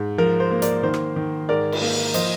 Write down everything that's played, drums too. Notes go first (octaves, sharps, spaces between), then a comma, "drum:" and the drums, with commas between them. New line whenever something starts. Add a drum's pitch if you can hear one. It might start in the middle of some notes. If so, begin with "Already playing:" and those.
Already playing: G#2
F3 A#4
C5
A#3
A#4 D5, drum: hi-hat
D#3 C5
drum: rim click
D#3
G#2 A#4 D5
drum: cymbal
A#3
F3 C5 D#5, drum: hi-hat